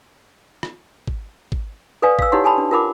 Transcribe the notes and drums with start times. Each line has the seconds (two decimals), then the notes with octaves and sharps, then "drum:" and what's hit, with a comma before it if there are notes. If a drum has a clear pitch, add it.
0.63 drum: rim click
1.07 drum: kick
1.52 drum: kick
2.02 A4 B4 D5 F5 G#5
2.19 F5 E6, drum: kick
2.32 D#4 E4 G4 C#5 F#5 C6
2.44 A4 G#5 A5 B5
2.58 D4
2.71 F4 A#4 F#5 B5 D6